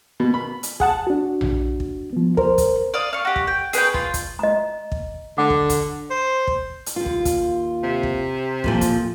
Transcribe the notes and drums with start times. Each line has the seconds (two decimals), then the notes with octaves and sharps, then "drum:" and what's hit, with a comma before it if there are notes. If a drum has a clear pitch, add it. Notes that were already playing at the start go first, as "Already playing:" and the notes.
0.20 B2
0.34 B5
0.63 drum: hi-hat
0.80 G#4 F#5 A5, drum: kick
1.07 D4 F#4
1.41 drum: tom A#1
1.80 drum: kick
2.13 F3 B3
2.37 A#4 C5, drum: kick
2.58 drum: kick, hi-hat
2.94 D5 F5 D#6
3.13 F5 C#6
3.25 F#4 G4
3.36 drum: kick
3.47 G5
3.73 G#4 B4 C#5 G5, drum: hi-hat
3.94 F4, drum: kick
4.14 drum: kick, hi-hat
4.39 D#5 A#5
4.92 drum: kick
5.38 D3 F#5 D6
5.50 drum: kick
5.69 drum: kick, hi-hat
6.10 C5
6.47 drum: kick
6.86 drum: hi-hat
6.96 D#2 F4
7.06 drum: kick
7.25 drum: kick, hi-hat
7.83 C3
8.03 drum: kick
8.64 F2 A#2 F3, drum: kick
8.81 drum: kick, hi-hat